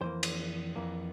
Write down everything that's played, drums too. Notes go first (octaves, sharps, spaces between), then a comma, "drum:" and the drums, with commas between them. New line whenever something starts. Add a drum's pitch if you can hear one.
F2 E3 A#3 C5
drum: cymbal
F2 E3 A#3